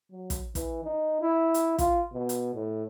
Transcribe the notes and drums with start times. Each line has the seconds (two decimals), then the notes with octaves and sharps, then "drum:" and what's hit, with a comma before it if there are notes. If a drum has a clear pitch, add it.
0.12 F#3
0.30 drum: kick, hi-hat
0.55 E3, drum: kick, hi-hat
0.84 D#4
1.22 E4
1.54 drum: hi-hat
1.79 F4, drum: kick, hi-hat
2.12 B2
2.29 drum: hi-hat
2.54 A2